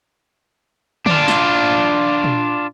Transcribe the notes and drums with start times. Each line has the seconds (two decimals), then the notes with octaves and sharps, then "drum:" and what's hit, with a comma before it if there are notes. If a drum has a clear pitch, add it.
1.06 D4 F4, drum: tom D3
1.28 drum: snare
2.24 drum: tom A#2